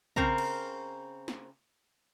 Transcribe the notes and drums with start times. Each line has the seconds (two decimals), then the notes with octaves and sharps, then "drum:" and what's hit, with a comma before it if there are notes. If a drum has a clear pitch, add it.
0.16 C#3 C4 A#4 A#5, drum: kick
0.38 drum: cymbal
1.28 drum: snare